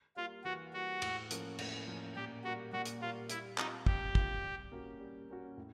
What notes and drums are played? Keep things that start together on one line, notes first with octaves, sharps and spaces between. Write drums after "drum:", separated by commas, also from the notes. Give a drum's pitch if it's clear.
G3 A#3 F4
E3 F#4
G3 A#3 F#4
A2, drum: cymbal
F3 A#3 C#4, drum: hi-hat
A2, drum: cymbal
F3 A#3 C#4
A#2 G4
G3 A#3 F#4
A#2 F#4
drum: hi-hat
G3 A#3 F4
G3 E4, drum: hi-hat
C4 D#4 F4, drum: clap
G3 G4, drum: kick
C4 F4, drum: kick
G3
A#3 C#4 F#4
G3
A#3 C#4 F#4
A2